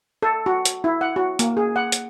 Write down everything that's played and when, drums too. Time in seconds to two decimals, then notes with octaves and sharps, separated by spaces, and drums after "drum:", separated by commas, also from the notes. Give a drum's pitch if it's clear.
0.22 A4
0.46 F#4
0.65 drum: hi-hat
0.84 E4
1.01 F#5
1.16 F#4
1.39 A#3, drum: hi-hat
1.57 G#4
1.76 F#5
1.92 drum: hi-hat